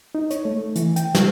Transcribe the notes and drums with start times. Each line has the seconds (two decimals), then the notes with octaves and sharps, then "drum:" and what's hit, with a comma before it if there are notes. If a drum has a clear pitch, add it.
0.15 D#4
0.30 C#5, drum: hi-hat
0.45 A3
0.76 E3, drum: hi-hat
0.96 G5, drum: hi-hat
1.15 G3, drum: snare